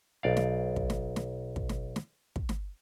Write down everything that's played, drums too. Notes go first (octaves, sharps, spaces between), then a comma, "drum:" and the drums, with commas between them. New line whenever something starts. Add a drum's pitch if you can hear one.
B1 D5 F5
drum: snare
drum: kick
drum: snare
drum: snare
drum: kick
drum: snare
drum: snare
drum: kick
drum: snare